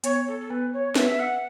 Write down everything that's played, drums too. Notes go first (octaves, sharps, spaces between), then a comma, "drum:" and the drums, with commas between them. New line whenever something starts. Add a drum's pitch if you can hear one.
B3 C#5, drum: hi-hat
A4
A4
B3 B4
C#5
B4 E5, drum: snare
E5
F#5